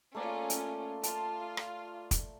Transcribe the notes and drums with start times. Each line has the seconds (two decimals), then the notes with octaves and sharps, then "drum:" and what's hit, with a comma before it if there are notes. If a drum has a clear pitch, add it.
0.15 A3 A#3 C#4 F4 D5
0.50 drum: hi-hat
1.03 F4 A5, drum: hi-hat
1.57 drum: rim click
2.11 drum: kick, hi-hat